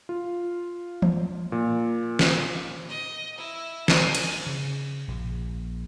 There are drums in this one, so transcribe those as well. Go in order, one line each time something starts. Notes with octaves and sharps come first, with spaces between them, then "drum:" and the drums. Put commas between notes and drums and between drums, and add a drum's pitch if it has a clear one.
F4
drum: tom E3
A#2
drum: snare
D#5
E4
G#5, drum: snare
drum: cymbal
C#3
A#1